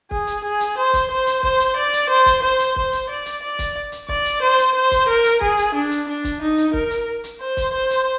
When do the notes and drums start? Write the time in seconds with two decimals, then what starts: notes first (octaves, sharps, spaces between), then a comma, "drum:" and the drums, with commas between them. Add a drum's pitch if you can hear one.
0.11 G#4, drum: kick
0.27 drum: hi-hat
0.44 G#4
0.60 drum: hi-hat
0.77 C5
0.93 drum: kick, hi-hat
1.10 C5
1.27 drum: hi-hat
1.43 C5, drum: kick
1.60 drum: hi-hat
1.76 D5
1.93 drum: hi-hat
2.09 C5
2.26 drum: kick, hi-hat
2.42 C5
2.59 drum: hi-hat
2.76 C5, drum: kick
2.92 drum: hi-hat
3.10 D5
3.26 drum: hi-hat
3.42 D5
3.59 drum: kick, hi-hat
3.92 drum: hi-hat
4.09 D5, drum: kick
4.25 drum: hi-hat
4.42 C5
4.58 drum: hi-hat
4.75 C5
4.91 drum: kick, hi-hat
5.08 A#4
5.25 drum: hi-hat
5.41 G#4, drum: kick
5.58 drum: hi-hat
5.74 D4
5.91 drum: hi-hat
6.08 D4
6.24 drum: kick, hi-hat
6.41 D#4
6.57 drum: hi-hat
6.73 A#4, drum: kick
6.91 drum: hi-hat
7.24 drum: hi-hat
7.41 C5
7.57 drum: kick, hi-hat
7.73 C5
7.90 drum: hi-hat